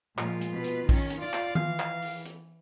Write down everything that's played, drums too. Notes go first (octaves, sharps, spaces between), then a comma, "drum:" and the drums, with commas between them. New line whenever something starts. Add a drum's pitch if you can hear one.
A#2 F3 G#3 F4, drum: clap
drum: hi-hat
B2 B4
drum: hi-hat
D#3 C#4, drum: kick A#1, open hi-hat
drum: hi-hat
F4 D5 F5
drum: clap
E3 F5, drum: tom D#3
drum: clap
drum: open hi-hat
drum: hi-hat